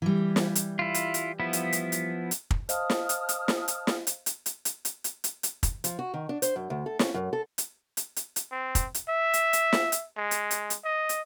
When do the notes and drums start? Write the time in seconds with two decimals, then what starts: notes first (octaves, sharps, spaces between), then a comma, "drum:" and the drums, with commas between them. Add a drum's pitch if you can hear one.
0.02 E3 G3
0.36 drum: snare
0.55 drum: hi-hat
0.79 E4 F4
0.94 drum: hi-hat
1.14 drum: hi-hat
1.40 F3 B3 E4
1.53 drum: hi-hat
1.73 drum: hi-hat
1.92 drum: hi-hat
2.31 drum: hi-hat
2.51 drum: kick
2.69 C5 D#5 F5 A5 D#6 F6, drum: hi-hat
2.90 drum: snare
3.09 drum: hi-hat
3.29 drum: hi-hat
3.48 drum: snare
3.68 drum: hi-hat
3.87 drum: snare
4.07 drum: hi-hat
4.26 drum: hi-hat
4.46 drum: hi-hat
4.65 drum: hi-hat
4.85 drum: hi-hat
5.04 drum: hi-hat
5.24 drum: hi-hat
5.43 drum: hi-hat
5.63 drum: kick, hi-hat
5.84 F3, drum: hi-hat
5.99 F#4
6.14 D#3
6.29 D4
6.42 C5, drum: hi-hat
6.56 F#2
6.70 D2
6.86 A4
6.99 C#4, drum: snare
7.14 F#2
7.33 A4
7.58 drum: hi-hat
7.97 drum: hi-hat
8.16 drum: hi-hat
8.36 drum: hi-hat
8.51 C4
8.75 drum: kick, hi-hat
8.94 drum: hi-hat
9.09 E5
9.34 drum: hi-hat
9.53 drum: hi-hat
9.73 drum: snare
9.92 drum: hi-hat
10.17 G#3
10.31 drum: hi-hat
10.51 drum: hi-hat
10.70 drum: hi-hat
10.84 D#5
11.09 drum: hi-hat